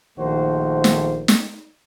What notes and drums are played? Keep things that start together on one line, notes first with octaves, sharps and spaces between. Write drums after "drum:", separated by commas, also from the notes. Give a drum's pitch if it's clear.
A#1 D#3 A3 F#4 C5
drum: snare
drum: snare